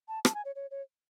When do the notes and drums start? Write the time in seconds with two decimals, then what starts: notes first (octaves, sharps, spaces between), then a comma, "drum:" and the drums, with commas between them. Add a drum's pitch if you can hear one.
0.08 A5
0.25 A5, drum: rim click
0.34 G#5
0.45 C#5
0.55 C#5
0.71 C#5